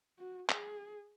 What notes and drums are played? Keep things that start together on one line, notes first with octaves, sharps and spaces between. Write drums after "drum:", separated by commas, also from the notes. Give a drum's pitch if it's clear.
F#4
G#4, drum: clap